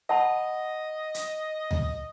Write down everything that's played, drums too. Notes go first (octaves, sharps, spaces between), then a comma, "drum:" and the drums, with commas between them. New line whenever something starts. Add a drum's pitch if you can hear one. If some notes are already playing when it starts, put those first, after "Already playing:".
D#5 F#5 A5 B5
drum: hi-hat
drum: tom D2